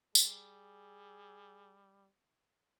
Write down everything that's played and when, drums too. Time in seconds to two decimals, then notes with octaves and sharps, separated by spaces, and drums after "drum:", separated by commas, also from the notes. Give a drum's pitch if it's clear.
0.15 G3 G#4, drum: tambourine